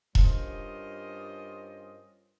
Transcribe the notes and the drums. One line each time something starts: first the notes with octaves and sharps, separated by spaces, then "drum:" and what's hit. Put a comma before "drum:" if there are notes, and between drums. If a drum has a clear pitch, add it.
G2 C#4 F4 A#4 C5 D#5, drum: kick E1